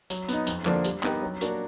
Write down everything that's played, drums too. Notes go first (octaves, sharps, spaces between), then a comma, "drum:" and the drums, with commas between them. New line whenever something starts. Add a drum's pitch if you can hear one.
F#3, drum: tambourine
B3 D#4, drum: tambourine
F2, drum: tambourine
D3 F3 A#3 D4, drum: clap
G3, drum: tambourine
B3 D#4 G4 A#4, drum: clap
F#3
A#3 D4 F#4 A#4, drum: tambourine